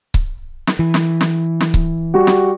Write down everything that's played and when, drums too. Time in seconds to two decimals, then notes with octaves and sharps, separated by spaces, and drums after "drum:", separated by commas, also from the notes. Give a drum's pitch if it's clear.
0.14 drum: kick C#1
0.67 drum: snare
0.79 E3
0.94 drum: snare
1.21 drum: snare
1.61 drum: snare
1.74 drum: kick C#1
2.14 G3 F#4
2.27 drum: snare